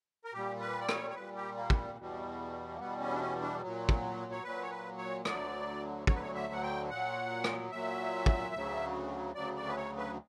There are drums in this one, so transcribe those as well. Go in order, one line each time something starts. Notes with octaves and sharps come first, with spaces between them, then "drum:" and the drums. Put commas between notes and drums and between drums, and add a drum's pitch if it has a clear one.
A#4
A#2 G3 G4
B4
D5
C#5, drum: rim click
C#5
A#2 G3 B4
G4
A#3
drum: kick
E2 B2 G3
A#3
E2 B2 G3 B3
C#4
D4
C#4
D4
A#2 F#3
drum: kick
C#5
A#2 F#3 B4
C#5
B4
C#5
D2 D3 F#3 D5, drum: rim click
D2 D3 F#3 C#5, drum: kick
B4
C#5
E5
F#5
G5
A#2 F#3 F#5
drum: rim click
A#2 F#3 E5
drum: kick
D2 C#3 F#3
D2 C#3 F#3 D5
D5
B4
C#5
B4